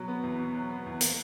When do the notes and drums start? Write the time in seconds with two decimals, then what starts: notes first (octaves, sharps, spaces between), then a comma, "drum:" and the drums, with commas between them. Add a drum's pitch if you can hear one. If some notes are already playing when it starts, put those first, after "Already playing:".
Already playing: B2 F#3
0.08 B3
0.23 E2
0.39 B2
0.55 F#3
0.70 B3
0.86 E2
1.01 A#3, drum: hi-hat